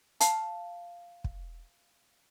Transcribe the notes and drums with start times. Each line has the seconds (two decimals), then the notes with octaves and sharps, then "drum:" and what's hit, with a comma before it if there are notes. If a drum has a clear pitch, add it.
0.20 F5 A5, drum: hi-hat
1.24 drum: kick